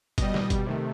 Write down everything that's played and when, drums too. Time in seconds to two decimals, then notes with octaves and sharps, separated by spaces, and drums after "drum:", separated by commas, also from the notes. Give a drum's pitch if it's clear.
0.18 B2 G3 D#5, drum: kick F#1, hi-hat
0.34 drum: snare
0.50 drum: kick F#1, hi-hat
0.66 C3 D#3 A3